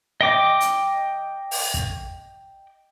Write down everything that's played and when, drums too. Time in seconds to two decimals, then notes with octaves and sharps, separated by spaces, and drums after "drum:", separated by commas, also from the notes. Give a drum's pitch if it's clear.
0.21 D#5 G5 D6
0.60 drum: hi-hat
1.51 drum: open hi-hat
1.74 drum: kick